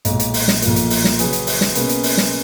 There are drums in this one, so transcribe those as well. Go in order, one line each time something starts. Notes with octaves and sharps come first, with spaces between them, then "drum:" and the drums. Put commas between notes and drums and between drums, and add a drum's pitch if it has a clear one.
B1 A#2 G#3, drum: hi-hat
drum: hi-hat
drum: open hi-hat
drum: snare
B1 A#2 F3 A#3, drum: hi-hat
drum: hi-hat
drum: open hi-hat
drum: snare
C#3 F#3 C#4 G#4 B4, drum: hi-hat
drum: hi-hat
drum: open hi-hat
drum: snare
B2 A#3 C#4 G#4 B4, drum: hi-hat
drum: hi-hat
drum: open hi-hat
drum: snare